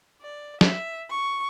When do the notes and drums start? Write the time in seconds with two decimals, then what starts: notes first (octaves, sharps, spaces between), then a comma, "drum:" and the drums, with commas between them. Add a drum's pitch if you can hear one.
0.21 D5
0.61 E5, drum: snare
1.10 C#6